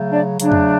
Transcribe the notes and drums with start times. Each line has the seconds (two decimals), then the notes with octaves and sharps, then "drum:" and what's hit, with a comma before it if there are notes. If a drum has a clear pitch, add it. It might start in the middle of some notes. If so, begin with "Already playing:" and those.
Already playing: C#3 F#3 A3
0.12 D4 D5
0.40 C#3 F#3 A3 D4, drum: hi-hat
0.52 drum: tom E2